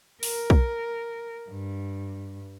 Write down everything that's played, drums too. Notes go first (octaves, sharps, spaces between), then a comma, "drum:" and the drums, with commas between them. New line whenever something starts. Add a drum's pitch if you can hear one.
A#4, drum: open hi-hat
drum: kick
G2